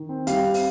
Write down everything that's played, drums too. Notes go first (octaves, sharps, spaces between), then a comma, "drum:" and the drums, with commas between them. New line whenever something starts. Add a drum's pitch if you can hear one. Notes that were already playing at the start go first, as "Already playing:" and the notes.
Already playing: D#3
C4
G3 F5, drum: hi-hat
C4
F5, drum: open hi-hat